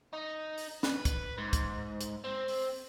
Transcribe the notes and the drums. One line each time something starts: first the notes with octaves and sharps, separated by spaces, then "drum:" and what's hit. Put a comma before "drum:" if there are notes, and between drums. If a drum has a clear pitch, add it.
D#4
drum: open hi-hat
B4, drum: snare
drum: kick, hi-hat
G#2
drum: kick, hi-hat
drum: hi-hat
C4
drum: open hi-hat